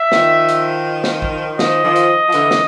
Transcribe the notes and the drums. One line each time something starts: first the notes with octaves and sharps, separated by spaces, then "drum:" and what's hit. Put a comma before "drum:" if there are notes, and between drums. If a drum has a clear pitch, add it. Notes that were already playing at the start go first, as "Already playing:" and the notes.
Already playing: E5
D#3 F3, drum: snare
drum: hi-hat
drum: snare
drum: kick
D#3 F3 D#5, drum: snare
D#3 F3
drum: hi-hat
F3
D3 E3, drum: hi-hat
drum: snare